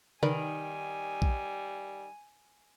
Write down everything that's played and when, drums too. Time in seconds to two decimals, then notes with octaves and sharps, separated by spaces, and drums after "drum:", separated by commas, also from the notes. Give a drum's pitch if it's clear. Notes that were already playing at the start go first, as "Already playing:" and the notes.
0.23 D#3 G3 D#4 A#4 B4 D5 G#5, drum: tom C3
1.22 drum: kick